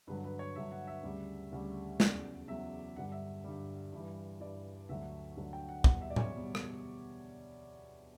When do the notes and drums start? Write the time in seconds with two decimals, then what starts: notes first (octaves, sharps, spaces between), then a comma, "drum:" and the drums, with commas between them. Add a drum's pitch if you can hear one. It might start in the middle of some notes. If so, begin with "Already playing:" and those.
0.07 G2 D3 F#3 B4
0.24 B4
0.39 C#5
0.56 G2 D3 F#3 E5
0.72 F#5
0.87 E5
1.04 D2 C#3 G3
1.52 D2 C#3 G3
2.00 E2 C#3 F#3 D5, drum: snare
2.48 E2 C#3 F#3 E5
2.96 G2 D3 G3 F#5
3.12 E5
3.44 G2 D3 G3
3.93 G2 E3 G3
4.40 G2 E3 G3 D5
4.89 D2 D3 F#3 E5
5.37 D2 D3 F#3
5.53 G5
5.69 F#5
5.84 E2 B2 G3 F#5, drum: kick
6.01 E5
6.10 D5
6.16 C#5, drum: tom A2
6.34 E2 B2 G3
6.55 drum: rim click